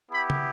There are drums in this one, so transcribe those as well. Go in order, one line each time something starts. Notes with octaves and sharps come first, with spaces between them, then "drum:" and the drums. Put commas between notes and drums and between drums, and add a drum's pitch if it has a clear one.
B3 E4 G4 B5
drum: tom